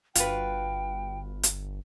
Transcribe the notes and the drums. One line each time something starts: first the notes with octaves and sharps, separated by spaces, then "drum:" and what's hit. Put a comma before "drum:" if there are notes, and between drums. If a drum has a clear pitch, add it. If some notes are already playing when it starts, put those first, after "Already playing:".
G1 F4 F#4 B4 G5, drum: hi-hat
drum: hi-hat